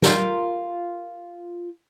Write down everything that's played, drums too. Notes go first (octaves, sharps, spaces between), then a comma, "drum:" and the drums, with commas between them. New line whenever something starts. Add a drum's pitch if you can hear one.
F4 G4 A#4, drum: snare